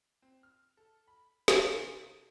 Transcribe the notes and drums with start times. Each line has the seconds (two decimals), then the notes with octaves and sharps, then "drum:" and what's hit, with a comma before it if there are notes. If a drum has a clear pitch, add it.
0.22 C4
0.43 F6
0.77 A4
1.08 B5
1.48 D3, drum: snare
1.63 C3
1.99 D7